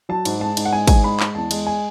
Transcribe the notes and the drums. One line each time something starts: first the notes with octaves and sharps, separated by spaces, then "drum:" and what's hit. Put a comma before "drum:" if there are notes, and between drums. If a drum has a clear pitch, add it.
F#3 A5
G#2, drum: cymbal
G#3 A5
G#2, drum: cymbal
F#5
G#3 G#5
G#2 G#5, drum: kick, cymbal
G#3 B5
G#3, drum: clap
E2 A5
G#3, drum: cymbal
G#5